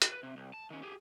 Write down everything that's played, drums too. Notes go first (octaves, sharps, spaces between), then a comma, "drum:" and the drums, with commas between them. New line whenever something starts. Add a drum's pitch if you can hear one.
drum: hi-hat
B4
C3
C2
A5
D#3 C#4
G4 G#4